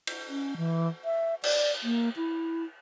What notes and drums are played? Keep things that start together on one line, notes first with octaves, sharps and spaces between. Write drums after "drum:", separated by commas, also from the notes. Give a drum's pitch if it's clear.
drum: cymbal
C#4
E3
E5
D5, drum: cymbal
A#3
E4